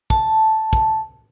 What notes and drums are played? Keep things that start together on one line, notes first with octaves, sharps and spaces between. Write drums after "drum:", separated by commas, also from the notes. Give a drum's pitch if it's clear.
A5, drum: kick
drum: kick